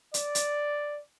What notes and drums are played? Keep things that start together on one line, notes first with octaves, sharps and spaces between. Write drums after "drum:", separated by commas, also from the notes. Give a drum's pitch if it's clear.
D5, drum: hi-hat
drum: hi-hat